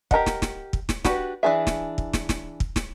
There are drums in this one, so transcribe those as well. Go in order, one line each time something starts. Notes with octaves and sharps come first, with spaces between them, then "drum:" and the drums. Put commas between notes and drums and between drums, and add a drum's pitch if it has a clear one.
G4 A#4 D#5 F#5, drum: kick
drum: snare
drum: snare
drum: kick
drum: snare
D4 F#4 G4 B4, drum: snare
E3 C4 D4 G#4 E5
drum: snare
drum: kick
drum: snare
drum: snare
drum: kick
drum: snare